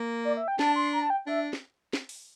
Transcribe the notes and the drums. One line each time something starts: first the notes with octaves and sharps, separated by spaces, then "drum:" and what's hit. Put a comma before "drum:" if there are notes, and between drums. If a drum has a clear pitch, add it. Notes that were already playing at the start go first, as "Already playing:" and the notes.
Already playing: A#3
D5
E5
G5
D4 A5, drum: snare
C6
A#5
A5
G5
D4 E5
drum: snare
drum: snare
drum: open hi-hat